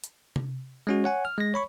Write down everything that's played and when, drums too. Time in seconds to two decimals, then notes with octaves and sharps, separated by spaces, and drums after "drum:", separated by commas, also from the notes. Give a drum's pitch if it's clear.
0.04 drum: hi-hat
0.36 drum: tom C3
0.87 G#3 C#4 F#4
1.04 C#5 F#5 G#5
1.25 F6
1.38 G#3 A#6
1.54 C#5 B5 C#6